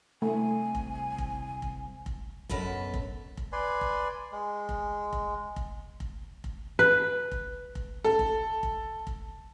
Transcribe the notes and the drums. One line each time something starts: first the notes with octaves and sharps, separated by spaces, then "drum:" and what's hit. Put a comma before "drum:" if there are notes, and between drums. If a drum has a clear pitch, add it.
C3 G3 A3 G#5
drum: kick F1
drum: kick F1
drum: kick F1
drum: kick F1
F#2 B2 A4 B4, drum: kick F1
drum: kick F1
drum: kick F1
B4 D5 G#5 C6
drum: kick F1
G#3
drum: kick F1
drum: kick F1
drum: kick F1
drum: kick F1
drum: kick F1
B4
drum: kick F1
drum: kick F1
A4
drum: kick F1
drum: kick F1
drum: kick F1